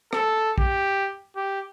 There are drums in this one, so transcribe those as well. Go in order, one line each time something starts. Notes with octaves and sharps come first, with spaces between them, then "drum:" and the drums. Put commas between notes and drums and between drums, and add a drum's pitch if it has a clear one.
A4, drum: rim click
G4, drum: kick A#1
G4